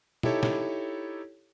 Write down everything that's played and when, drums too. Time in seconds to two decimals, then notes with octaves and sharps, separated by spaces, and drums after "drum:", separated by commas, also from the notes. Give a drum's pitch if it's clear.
0.23 D#4 E4 G4 A4 C#5, drum: tom
0.43 drum: snare